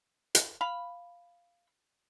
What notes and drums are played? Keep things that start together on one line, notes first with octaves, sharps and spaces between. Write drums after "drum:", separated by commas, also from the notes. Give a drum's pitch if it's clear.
drum: hi-hat
F5 B5